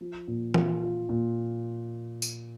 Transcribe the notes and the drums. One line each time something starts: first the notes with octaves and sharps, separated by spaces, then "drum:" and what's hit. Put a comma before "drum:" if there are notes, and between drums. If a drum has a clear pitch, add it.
F3
A#2
F4, drum: tom E3
F4
A#2
drum: tambourine